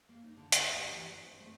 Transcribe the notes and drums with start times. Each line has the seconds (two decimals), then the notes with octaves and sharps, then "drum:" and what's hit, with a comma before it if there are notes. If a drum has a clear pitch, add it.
0.09 A#3
0.23 D#4
0.37 D3
0.52 D#4, drum: hi-hat
0.66 D2
0.78 G4
0.91 E3
1.07 D#5
1.26 C4
1.41 A3